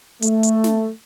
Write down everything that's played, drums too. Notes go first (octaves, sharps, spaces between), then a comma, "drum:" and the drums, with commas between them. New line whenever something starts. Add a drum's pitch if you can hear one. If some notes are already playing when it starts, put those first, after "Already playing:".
A3, drum: hi-hat
drum: hi-hat
drum: snare